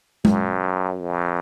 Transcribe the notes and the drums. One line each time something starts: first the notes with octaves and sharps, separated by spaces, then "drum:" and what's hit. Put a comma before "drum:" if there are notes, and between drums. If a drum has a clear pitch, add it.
F#2, drum: tom G#3
F2